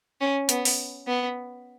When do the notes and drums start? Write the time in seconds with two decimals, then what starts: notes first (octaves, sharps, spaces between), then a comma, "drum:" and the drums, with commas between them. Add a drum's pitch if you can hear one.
0.21 C#4
0.49 B3, drum: hi-hat
0.65 drum: open hi-hat
1.07 B3